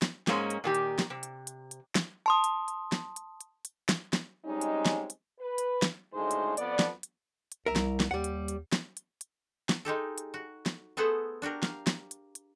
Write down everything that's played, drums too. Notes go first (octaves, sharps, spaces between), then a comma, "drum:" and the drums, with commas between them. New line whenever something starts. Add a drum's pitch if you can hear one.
drum: snare
G#2 G#3 A#3 C#4, drum: snare
drum: hi-hat
A#2 D#3 G4
drum: hi-hat
drum: snare
C3
drum: hi-hat
drum: hi-hat
drum: hi-hat
drum: snare
A5 C6 D#6
drum: hi-hat
drum: hi-hat
drum: snare
drum: hi-hat
drum: hi-hat
drum: hi-hat
drum: snare
drum: snare
G3 G#3 C4 C#4 D#4
drum: hi-hat
drum: snare
drum: hi-hat
B4
drum: hi-hat
drum: snare
D2 A2 C#3 G#3 D#4 C5
drum: hi-hat
F2 F3 B3 D5, drum: hi-hat
drum: snare
drum: hi-hat
drum: hi-hat
C2 A#4 E5
drum: snare
drum: snare
D#2 G3 F#5
drum: hi-hat
drum: hi-hat
drum: snare
drum: hi-hat
drum: hi-hat
drum: snare
G#3 D#4 G4 A4
drum: hi-hat
F#4
drum: snare
A3 B3 G#4 A4 C5 F#5
D4 F#4 G4 A#4
F5, drum: snare
drum: snare
drum: hi-hat
drum: hi-hat